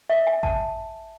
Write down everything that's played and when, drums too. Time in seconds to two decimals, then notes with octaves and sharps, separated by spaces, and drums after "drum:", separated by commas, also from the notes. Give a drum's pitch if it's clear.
0.10 E5
0.27 G#5
0.43 A5, drum: kick G#1